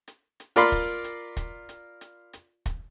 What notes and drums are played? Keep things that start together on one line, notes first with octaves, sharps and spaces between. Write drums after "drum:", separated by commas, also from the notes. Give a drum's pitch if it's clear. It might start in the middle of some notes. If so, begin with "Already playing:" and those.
drum: hi-hat
drum: hi-hat
F4 A#4 D5 F5 B5 C6
drum: kick, hi-hat
drum: hi-hat
drum: kick, hi-hat
drum: hi-hat
drum: hi-hat
drum: hi-hat
drum: kick, hi-hat